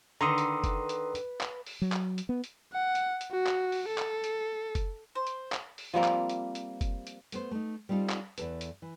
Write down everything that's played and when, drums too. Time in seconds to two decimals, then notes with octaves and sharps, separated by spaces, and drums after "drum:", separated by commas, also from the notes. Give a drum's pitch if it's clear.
0.21 D3 D#3 B4 A#5 C6 D#6
0.38 drum: hi-hat
0.64 drum: kick F#1, hi-hat
0.89 drum: hi-hat
1.15 drum: hi-hat
1.41 drum: clap
1.67 drum: open hi-hat
1.82 F#3
1.92 drum: clap
2.18 drum: hi-hat
2.29 B3
2.44 drum: hi-hat
2.72 F#5
2.95 drum: hi-hat
3.21 drum: hi-hat
3.31 F#4
3.47 drum: clap
3.72 drum: open hi-hat
3.88 A4
3.98 drum: clap
4.24 drum: hi-hat
4.75 drum: kick F#1, hi-hat
5.15 C5
5.27 drum: hi-hat
5.52 drum: clap
5.78 drum: open hi-hat
5.94 F3 G3 A#3 C4
6.04 drum: clap
6.29 drum: hi-hat
6.55 drum: hi-hat
6.81 drum: kick F#1, hi-hat
7.07 drum: hi-hat
7.32 A3 B3 C5, drum: hi-hat
7.51 A3 D#4
7.89 G3 C4 D#4 F4 A4
8.10 drum: clap
8.38 E2 A4 B4, drum: hi-hat
8.61 drum: hi-hat
8.82 E3